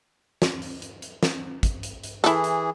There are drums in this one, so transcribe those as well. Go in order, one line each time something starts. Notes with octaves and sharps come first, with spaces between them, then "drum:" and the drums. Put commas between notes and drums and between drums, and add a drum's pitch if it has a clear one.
drum: snare
drum: open hi-hat
drum: hi-hat
drum: hi-hat
drum: snare
drum: kick, hi-hat
drum: hi-hat
drum: hi-hat
E3 E4 G#4 A4, drum: hi-hat
drum: hi-hat